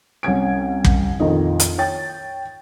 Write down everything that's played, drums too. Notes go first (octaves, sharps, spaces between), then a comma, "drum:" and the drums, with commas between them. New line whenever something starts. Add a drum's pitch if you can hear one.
C2 C#4 G#6 D7
drum: kick
A#1 F2 D#3 D#5
drum: hi-hat
C#5 G5 A6